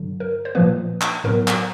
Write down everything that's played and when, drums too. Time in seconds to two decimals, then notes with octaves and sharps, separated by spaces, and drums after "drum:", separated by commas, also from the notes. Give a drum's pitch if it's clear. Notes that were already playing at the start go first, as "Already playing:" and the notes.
Already playing: G2 D3 F#3
0.20 A#4
0.45 C5
0.55 A#2 F3 A#3 B4
1.01 drum: clap
1.24 A2 F#3 B3 A#4
1.48 drum: clap